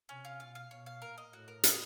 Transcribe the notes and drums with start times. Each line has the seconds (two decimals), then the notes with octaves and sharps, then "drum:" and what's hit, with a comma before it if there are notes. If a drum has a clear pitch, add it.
0.09 C3 C#4
0.25 F4
0.40 B2 F5
0.55 F5
0.71 B2 C#5
0.86 F5
1.02 A#2 A#4
1.18 D#5
1.33 A2 F#4
1.48 A#4
1.63 B3, drum: hi-hat